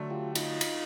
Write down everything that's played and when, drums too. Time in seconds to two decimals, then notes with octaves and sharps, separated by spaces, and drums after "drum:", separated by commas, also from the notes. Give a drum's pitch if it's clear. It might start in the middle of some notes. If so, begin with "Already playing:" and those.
Already playing: D3 F#3 A3 D4
0.10 F4 G4
0.35 D#4 F4, drum: cymbal
0.61 drum: cymbal